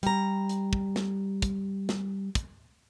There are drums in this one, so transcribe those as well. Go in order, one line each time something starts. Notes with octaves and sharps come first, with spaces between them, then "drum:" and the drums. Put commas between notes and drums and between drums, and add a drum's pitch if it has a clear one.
G3 A#5, drum: hi-hat
drum: hi-hat
drum: kick
drum: snare
drum: kick, hi-hat
drum: snare
drum: kick, hi-hat